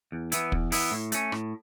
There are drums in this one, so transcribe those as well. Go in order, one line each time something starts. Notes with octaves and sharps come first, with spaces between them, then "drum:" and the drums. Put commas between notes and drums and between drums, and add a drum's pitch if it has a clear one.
E2
E3 B3 E4, drum: hi-hat
E2, drum: kick
E3 B3 E4, drum: open hi-hat
A2
A3 C#4, drum: hi-hat
A2, drum: rim click